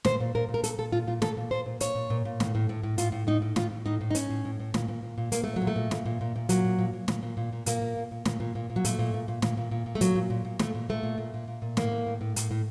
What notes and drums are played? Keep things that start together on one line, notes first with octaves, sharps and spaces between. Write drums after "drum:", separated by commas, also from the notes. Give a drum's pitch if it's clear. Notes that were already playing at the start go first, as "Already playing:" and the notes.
A#2 C5, drum: snare
A#2
A#2 A#4
A#2
A#4
A#2 A4, drum: hi-hat
A#2 A4
A#2 F4
A#2 F4
A#2 A4, drum: snare
A#2
A#2 C5
A#2
A#2 C#5, drum: hi-hat
A#2
A#2
A#2
A2, drum: snare
A2
A2
A2
A2 F4, drum: hi-hat
A2
A2 D#4
A2
A2 F4, drum: snare
A2
A2 D#4
A2
D#4
A2 C#4, drum: hi-hat
A2
A2
A2
A#2, drum: snare
A#2
A#2
A#2
A#2 A#3, drum: hi-hat
A#2 A3
F#3
A#2
A3
A#2
A#2, drum: snare
A#2
A#2
A#2
A#2 F#3, drum: hi-hat
A#2
A#2
A#2
A#2, drum: snare
A#2
A#2
A#2
A#2 A#3, drum: hi-hat
A#2
A#2
A#2
A#2, drum: snare
A#2
A#2
A#2
F#3
A#2 A3, drum: hi-hat
A#2
A#2
A#2
A#2, drum: snare
A#2
A#2
A#2
A3
A#2 F#3, drum: hi-hat
A#2
A#2
A#2
A#2 A3, drum: snare
A#2
A#2 A3
A#2
A#2
A#2
A#2
A#2
A2 A#3, drum: snare
A2
A2
A2
A2, drum: hi-hat
A2